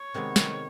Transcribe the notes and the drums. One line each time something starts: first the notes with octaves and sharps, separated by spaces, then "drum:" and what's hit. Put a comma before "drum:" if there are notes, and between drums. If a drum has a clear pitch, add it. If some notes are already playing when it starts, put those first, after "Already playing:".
Already playing: C#5
C3 D#3 G#3 B3
D#3, drum: snare